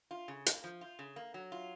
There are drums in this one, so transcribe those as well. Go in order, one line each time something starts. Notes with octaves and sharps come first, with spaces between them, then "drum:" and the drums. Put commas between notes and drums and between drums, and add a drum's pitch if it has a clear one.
F4
C#3
A#3, drum: hi-hat
F3
F4
C#3
A#3
F#3
F4